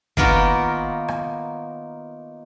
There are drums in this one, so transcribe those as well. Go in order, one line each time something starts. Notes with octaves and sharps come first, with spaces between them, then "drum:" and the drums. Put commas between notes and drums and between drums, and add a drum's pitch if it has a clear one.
D#3 A#3 B3 F4 F#4 A#4, drum: kick
drum: rim click